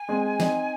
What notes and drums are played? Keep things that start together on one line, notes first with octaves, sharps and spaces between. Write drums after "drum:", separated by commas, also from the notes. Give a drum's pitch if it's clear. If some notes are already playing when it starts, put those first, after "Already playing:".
Already playing: G#5
G#3 C4
C4 D#4, drum: snare